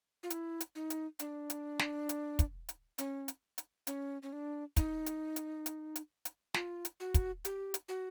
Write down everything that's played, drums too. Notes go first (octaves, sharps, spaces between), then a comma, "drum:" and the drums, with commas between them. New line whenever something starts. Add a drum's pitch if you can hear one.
F4
E4, drum: hi-hat
drum: hi-hat
D#4
drum: hi-hat
D4, drum: hi-hat
drum: hi-hat
drum: snare
drum: hi-hat
drum: kick, hi-hat
drum: hi-hat
C#4, drum: hi-hat
drum: hi-hat
drum: hi-hat
C#4, drum: hi-hat
C#4
D4
D#4, drum: kick, hi-hat
drum: hi-hat
drum: hi-hat
drum: hi-hat
drum: hi-hat
drum: hi-hat
F4, drum: snare
drum: hi-hat
F#4
drum: kick, hi-hat
G4, drum: hi-hat
drum: hi-hat
F#4